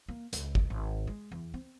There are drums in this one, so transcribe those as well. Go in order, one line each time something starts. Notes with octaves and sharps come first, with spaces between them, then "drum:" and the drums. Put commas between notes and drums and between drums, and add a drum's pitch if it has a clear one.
A#3
C#2, drum: hi-hat
drum: kick
G#1
G#3
E2
C4